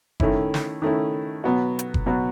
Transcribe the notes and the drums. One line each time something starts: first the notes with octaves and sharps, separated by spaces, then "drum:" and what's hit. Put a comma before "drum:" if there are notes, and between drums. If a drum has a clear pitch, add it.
D#3 A3 C#4 E4, drum: kick F#1
drum: snare
D#3 A3 C#4 E4
B2 F#3 B3 F#4
drum: hi-hat
drum: kick F#1
B2 F#3 B3 F#4